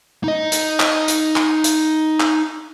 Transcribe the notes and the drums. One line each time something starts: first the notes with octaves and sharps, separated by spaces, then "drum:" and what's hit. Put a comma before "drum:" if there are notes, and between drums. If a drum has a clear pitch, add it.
D#4 D#5
drum: hi-hat
drum: clap
drum: hi-hat
drum: clap
drum: hi-hat
drum: clap